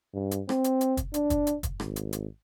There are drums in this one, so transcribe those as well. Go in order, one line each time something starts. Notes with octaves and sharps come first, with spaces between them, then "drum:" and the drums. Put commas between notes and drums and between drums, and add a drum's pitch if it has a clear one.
G2
drum: hi-hat
C4, drum: rim click
drum: hi-hat
drum: hi-hat
drum: kick, hi-hat
D4, drum: hi-hat
drum: kick, hi-hat
drum: hi-hat
drum: kick, hi-hat
G#1, drum: rim click
drum: hi-hat
drum: hi-hat